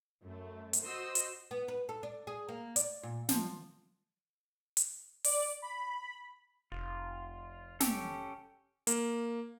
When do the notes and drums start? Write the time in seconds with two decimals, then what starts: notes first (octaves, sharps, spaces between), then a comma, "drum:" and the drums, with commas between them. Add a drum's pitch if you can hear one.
0.23 F#2 A3
0.73 drum: hi-hat
0.85 F#4 C5 D#5 C6 D#6 E6
1.15 drum: hi-hat
1.51 B3
1.68 B4
1.89 A4
2.03 D4
2.27 G#4
2.49 A#3
2.76 D5, drum: hi-hat
3.03 A#2
3.29 F3, drum: snare
4.77 drum: hi-hat
5.24 D5, drum: open hi-hat
5.62 B5
6.72 F1 F4
7.80 C#4 G4 A4, drum: snare
8.87 A#3, drum: hi-hat